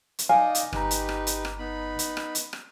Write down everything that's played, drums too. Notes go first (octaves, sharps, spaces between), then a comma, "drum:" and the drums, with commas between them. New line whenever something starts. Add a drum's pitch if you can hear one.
drum: hi-hat
D#4 D5 D#5 F5 G#5
drum: hi-hat
G1 D#4 G4 B4 A#5, drum: rim click
drum: hi-hat
drum: rim click
drum: hi-hat
drum: rim click
B3 D#4 B5
drum: hi-hat
drum: rim click
drum: hi-hat
drum: rim click